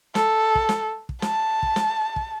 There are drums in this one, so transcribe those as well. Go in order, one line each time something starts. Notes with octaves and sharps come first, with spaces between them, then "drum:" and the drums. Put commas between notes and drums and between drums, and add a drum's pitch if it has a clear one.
A4, drum: snare
drum: kick
drum: snare
drum: kick
A5, drum: snare
drum: kick
drum: snare
drum: kick